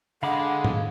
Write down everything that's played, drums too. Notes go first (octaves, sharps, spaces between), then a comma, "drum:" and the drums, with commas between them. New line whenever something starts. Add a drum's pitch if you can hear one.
D3 G#3 D4 F5 F#5 B5 D6
drum: tom